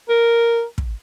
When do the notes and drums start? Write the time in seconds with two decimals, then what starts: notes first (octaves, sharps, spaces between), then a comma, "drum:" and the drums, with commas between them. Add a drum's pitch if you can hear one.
0.09 A#4
0.78 drum: kick